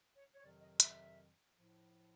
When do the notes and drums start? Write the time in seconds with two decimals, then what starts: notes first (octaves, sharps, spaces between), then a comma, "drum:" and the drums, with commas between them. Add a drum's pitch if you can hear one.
0.15 C#5
0.35 C#5
0.43 F2 C3 D#3 F#3 D5
0.61 D#5
0.80 E5, drum: hi-hat
1.53 A2 F3